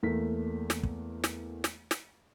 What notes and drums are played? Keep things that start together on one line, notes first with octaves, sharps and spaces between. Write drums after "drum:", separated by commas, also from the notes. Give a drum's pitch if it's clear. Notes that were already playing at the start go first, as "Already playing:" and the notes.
E2 A3 A#3 B6
drum: snare
drum: kick
drum: snare
drum: snare
drum: snare